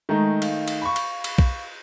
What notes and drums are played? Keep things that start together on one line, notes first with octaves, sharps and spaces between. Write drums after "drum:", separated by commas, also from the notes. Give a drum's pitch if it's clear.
D#3 G#3 A3 D#4 A#5
F5, drum: cymbal
drum: cymbal
B5 C#6
drum: cymbal
drum: cymbal
drum: kick B1